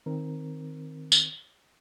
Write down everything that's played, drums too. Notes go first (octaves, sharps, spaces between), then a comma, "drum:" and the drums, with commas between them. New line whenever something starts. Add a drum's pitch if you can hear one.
D#3 C4 A#4
drum: tambourine